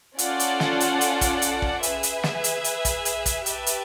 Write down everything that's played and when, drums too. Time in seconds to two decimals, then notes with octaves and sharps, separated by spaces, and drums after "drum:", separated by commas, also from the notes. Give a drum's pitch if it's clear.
0.19 C#4 F4 A4 D5 F#5, drum: hi-hat
0.40 drum: hi-hat
0.60 drum: snare
0.80 drum: hi-hat
1.01 drum: hi-hat
1.21 drum: kick, hi-hat
1.42 drum: hi-hat
1.62 drum: kick
1.83 G#4 B4 E5, drum: hi-hat
2.03 drum: hi-hat
2.23 drum: snare
2.44 drum: hi-hat
2.64 drum: hi-hat
2.85 drum: kick, hi-hat
3.05 drum: hi-hat
3.26 drum: kick, hi-hat
3.46 G4 B4 E5 A5, drum: hi-hat
3.66 drum: hi-hat